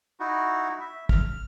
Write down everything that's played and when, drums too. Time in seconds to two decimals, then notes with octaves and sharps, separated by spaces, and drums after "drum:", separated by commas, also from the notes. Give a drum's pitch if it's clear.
0.20 D#4 E4 F#4
0.81 E5
1.09 F6, drum: kick